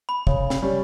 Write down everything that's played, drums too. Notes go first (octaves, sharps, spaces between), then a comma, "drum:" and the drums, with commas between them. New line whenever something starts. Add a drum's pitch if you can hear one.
B5
C#3, drum: kick
drum: snare
G3 C#4